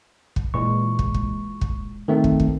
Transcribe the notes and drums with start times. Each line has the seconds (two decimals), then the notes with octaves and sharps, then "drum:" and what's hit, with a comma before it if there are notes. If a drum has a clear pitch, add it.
0.36 drum: kick
0.54 A#2 E3 G#3 C#6
0.99 drum: kick
1.14 drum: kick
1.61 drum: kick
2.08 D#3 A3 C4
2.24 drum: kick
2.40 drum: kick